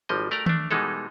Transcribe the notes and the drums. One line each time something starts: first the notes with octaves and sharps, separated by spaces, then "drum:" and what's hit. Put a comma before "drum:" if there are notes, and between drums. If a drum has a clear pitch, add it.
G#1 F3 G3 D#5
A3 A#4 D5 G5 A#5
A3 D4, drum: tom D#3
B2 E3 G3 G#3 D#4 A4